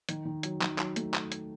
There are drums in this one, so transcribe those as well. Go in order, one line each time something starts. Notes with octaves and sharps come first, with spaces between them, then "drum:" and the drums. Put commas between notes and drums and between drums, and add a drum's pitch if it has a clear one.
D#3, drum: hi-hat
D#3
F#3, drum: hi-hat
D#3, drum: clap
F#3, drum: clap
A3, drum: hi-hat
drum: clap
drum: hi-hat